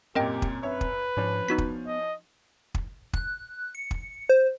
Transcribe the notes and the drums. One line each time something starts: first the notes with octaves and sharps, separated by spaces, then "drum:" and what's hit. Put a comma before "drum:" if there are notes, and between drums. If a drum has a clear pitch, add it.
F#2 A#2 C4 G4 A#4 D#5 G5
drum: kick
F#2 B4 C#5 E5
drum: kick
G#2 F3 C#4 D4
B3 D#4 F#4 B6
drum: kick
D#5
drum: kick
F#6, drum: kick
C#7
drum: kick
C5